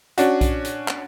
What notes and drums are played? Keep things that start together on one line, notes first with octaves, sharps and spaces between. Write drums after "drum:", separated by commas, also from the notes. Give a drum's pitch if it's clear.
C#4 D4 F#4, drum: hi-hat
drum: kick B1, hi-hat
drum: hi-hat
drum: clap